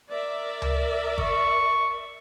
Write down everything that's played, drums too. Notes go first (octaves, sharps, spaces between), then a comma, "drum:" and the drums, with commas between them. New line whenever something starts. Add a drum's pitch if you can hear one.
A#4 D5 E5
drum: tom C#2
C#6, drum: kick